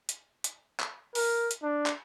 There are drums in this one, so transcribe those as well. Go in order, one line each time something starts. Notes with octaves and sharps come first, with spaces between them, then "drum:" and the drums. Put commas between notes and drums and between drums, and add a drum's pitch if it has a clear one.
drum: hi-hat
drum: hi-hat
drum: clap
A#4, drum: open hi-hat
drum: hi-hat
D4
drum: clap